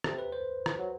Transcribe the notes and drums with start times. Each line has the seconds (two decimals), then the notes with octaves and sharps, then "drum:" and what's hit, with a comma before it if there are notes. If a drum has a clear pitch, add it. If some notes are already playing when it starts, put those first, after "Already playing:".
0.04 C3 A4, drum: rim click
0.19 B4
0.32 C5
0.66 drum: rim click
0.79 F#3